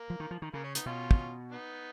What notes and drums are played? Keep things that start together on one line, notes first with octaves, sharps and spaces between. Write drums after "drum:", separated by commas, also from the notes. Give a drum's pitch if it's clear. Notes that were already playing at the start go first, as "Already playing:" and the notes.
Already playing: A#3
F3
D#3
F3
D#3
C#3 A#3
C#4
B3 D#4, drum: hi-hat
B2 C#4 F4
drum: kick
B3 D#4